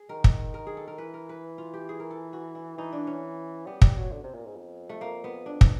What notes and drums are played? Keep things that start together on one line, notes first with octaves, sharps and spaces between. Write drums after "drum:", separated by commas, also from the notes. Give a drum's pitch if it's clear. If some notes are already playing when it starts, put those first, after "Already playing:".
Already playing: G#4
D#3 A#4
drum: kick
A#4
G#4
A4
A#4
E3 B4
A#4
B4
F4
G4
G#4
A#4
A4
F#4
E4
E3 D#4
D4
C#4
G3 B3
G3, drum: kick
F#3
D3
C3
A#2
G#2
F2
A3
A#3
B3
D4
drum: kick